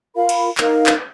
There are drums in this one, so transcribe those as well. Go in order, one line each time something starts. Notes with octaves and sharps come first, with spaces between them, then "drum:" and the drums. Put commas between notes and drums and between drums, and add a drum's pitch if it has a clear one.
F4 A#4 F5 B5
drum: cymbal
D#4 A#4 F5, drum: clap
drum: clap